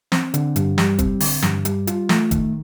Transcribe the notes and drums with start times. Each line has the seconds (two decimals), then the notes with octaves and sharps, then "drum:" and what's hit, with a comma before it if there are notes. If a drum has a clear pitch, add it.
0.12 C4, drum: snare
0.34 D3, drum: hi-hat
0.56 G2, drum: hi-hat
0.78 G3, drum: snare
0.99 C4, drum: kick, hi-hat
1.20 D3, drum: open hi-hat
1.42 G2, drum: snare
1.65 G3, drum: hi-hat
1.87 F4, drum: hi-hat
2.09 A3, drum: snare
2.31 D#3, drum: kick, hi-hat